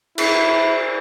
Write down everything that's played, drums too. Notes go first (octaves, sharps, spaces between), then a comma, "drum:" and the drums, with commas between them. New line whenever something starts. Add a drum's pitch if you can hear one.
E4, drum: cymbal